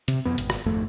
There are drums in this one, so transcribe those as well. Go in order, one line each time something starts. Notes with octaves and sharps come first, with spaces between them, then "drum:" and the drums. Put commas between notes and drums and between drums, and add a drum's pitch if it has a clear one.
C3, drum: hi-hat
F2 B3
G#1, drum: hi-hat
drum: rim click
G#1 F2 A3